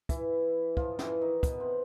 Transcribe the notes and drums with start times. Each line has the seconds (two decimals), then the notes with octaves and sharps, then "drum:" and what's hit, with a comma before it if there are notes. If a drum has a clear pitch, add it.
0.09 E3 E4, drum: kick, hi-hat
0.77 F3 F4, drum: kick
0.99 E3 E4, drum: snare
1.21 D#3 D#4
1.43 B2 B3, drum: kick, hi-hat
1.60 C3 C4